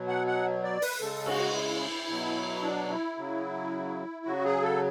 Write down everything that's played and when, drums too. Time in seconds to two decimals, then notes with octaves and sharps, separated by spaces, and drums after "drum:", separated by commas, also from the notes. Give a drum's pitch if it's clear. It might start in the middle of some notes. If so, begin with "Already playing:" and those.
Already playing: B2 F#3
0.08 F#5
0.27 F#5
0.64 D5
0.82 B4, drum: open hi-hat
1.00 C#3 G#3 A4
1.26 F#4, drum: cymbal
1.53 E4
2.08 B2 F#3
2.62 D4
2.89 E4
3.18 C#3 F#3
4.25 C#3 F#3 F#4
4.44 G#4
4.62 A4